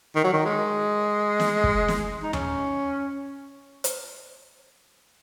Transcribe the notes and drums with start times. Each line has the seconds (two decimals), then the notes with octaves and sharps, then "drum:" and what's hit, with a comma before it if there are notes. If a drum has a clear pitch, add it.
0.16 D#3
0.24 F#3
0.33 D#3
0.46 G#3
1.40 drum: snare
1.64 drum: kick
1.88 drum: snare
2.23 D#4
2.33 C#4, drum: tom D#2
3.84 drum: hi-hat